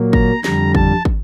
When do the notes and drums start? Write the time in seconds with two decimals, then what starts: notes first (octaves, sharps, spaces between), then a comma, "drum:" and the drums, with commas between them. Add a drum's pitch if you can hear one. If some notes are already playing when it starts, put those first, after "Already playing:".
Already playing: A#2 F#3 A#3
0.13 A#5, drum: kick
0.44 F2 D3 G3 A#5, drum: snare
0.75 A5, drum: kick
1.05 drum: kick